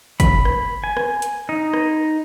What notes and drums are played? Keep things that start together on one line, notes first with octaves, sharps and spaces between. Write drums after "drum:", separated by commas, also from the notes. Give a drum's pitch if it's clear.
B5, drum: kick, hi-hat
drum: rim click
G#5
drum: rim click
drum: hi-hat
D#4
drum: rim click